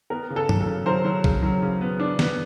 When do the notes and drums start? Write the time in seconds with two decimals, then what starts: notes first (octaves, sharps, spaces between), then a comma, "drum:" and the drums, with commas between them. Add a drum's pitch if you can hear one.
0.10 B3 A#4
0.30 C#3
0.36 A4
0.49 F#3, drum: tom G2
0.61 A4
0.67 C#3
0.86 F#3 A#4 C5
1.05 F#3
1.24 C#3, drum: kick A#1
1.43 F#3
1.62 C#3
1.81 B3
2.00 D4
2.19 B3, drum: snare